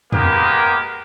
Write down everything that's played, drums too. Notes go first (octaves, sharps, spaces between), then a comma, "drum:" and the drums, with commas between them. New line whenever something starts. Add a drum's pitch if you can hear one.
G#3 A#3 B3 G4 A#4 B4, drum: tom E2